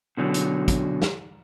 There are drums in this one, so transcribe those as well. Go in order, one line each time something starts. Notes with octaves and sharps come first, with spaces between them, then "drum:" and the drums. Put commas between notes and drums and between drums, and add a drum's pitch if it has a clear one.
B2 D3 F#3
drum: hi-hat
drum: kick, hi-hat
drum: snare